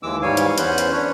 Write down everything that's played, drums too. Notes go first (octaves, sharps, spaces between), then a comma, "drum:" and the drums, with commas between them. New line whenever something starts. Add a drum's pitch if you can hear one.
D#2 E3 G#3 D6 E6
G#2 E3 G3 C#5 F5 G#5
drum: hi-hat
E2 B3 C#4 C5 F#6, drum: hi-hat
drum: hi-hat
C#4 D4 B4 C#5